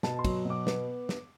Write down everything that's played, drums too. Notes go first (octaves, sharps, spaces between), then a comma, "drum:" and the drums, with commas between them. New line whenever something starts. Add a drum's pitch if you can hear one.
B2 A5, drum: snare
C6
F#3, drum: kick, cymbal
B2
D6
B3, drum: snare
drum: snare